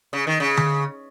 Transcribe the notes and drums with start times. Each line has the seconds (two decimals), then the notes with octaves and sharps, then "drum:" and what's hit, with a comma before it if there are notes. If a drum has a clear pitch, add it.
0.13 C#3
0.27 D#3
0.40 C#3
0.57 drum: tom D3